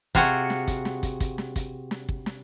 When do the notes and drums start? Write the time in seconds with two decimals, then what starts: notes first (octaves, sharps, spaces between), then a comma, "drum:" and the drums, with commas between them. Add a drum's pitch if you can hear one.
0.15 C3 F4 F#4 G#4 F#5, drum: kick, hi-hat
0.50 drum: snare
0.68 drum: kick, hi-hat
0.85 drum: snare
1.03 drum: kick, hi-hat
1.20 drum: kick, hi-hat
1.38 drum: snare
1.56 drum: kick, hi-hat
1.91 drum: snare
2.09 drum: kick
2.26 drum: snare